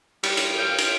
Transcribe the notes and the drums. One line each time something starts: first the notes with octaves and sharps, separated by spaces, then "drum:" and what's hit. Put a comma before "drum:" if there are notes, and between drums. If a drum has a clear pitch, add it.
G3, drum: cymbal
drum: cymbal
F5 G5
drum: cymbal